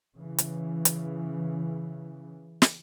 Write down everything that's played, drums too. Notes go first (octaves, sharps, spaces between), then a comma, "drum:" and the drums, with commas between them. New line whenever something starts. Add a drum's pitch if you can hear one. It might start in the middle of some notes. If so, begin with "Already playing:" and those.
C#3 E3
drum: hi-hat
drum: hi-hat
drum: snare